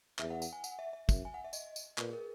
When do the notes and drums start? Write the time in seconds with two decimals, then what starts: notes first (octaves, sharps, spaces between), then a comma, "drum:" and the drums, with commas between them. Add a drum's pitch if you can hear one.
0.19 E2 E5, drum: clap
0.30 F#5
0.42 F#5, drum: tambourine
0.53 G#5
0.64 F#5, drum: tambourine
0.79 E5
0.93 E5
1.09 F#2, drum: kick, tambourine
1.25 G#5
1.34 F#5
1.44 E5
1.53 D#5, drum: tambourine
1.76 drum: tambourine
1.98 A#2 B4, drum: clap
2.09 G#4
2.13 A#4